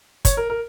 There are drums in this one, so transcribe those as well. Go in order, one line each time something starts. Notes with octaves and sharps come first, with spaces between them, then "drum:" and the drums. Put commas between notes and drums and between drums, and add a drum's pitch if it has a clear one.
C#5, drum: kick, hi-hat
A#4
A#4